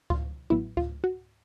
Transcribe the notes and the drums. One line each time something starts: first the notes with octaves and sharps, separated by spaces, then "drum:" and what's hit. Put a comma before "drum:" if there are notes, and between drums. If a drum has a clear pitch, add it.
F4, drum: kick C#2
A1 A2 F#3 B3 E4
F4, drum: kick C#2
F#4